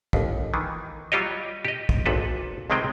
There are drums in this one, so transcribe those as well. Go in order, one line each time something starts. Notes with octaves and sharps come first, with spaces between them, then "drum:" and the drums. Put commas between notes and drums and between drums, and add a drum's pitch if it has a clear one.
G1 D#2, drum: kick
D#3 E3
F#3 G3 F4 G4 C#5 D#5
G4 D#5
drum: kick
G#1 A#2 A4 B4
C#2 C3 D#3 G#3 C4 G5